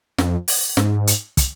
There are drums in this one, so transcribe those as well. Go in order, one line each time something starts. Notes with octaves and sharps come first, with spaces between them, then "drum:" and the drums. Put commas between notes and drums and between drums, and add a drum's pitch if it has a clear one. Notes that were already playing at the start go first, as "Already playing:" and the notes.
F2, drum: snare
drum: open hi-hat
G#2, drum: snare
drum: hi-hat
drum: kick, hi-hat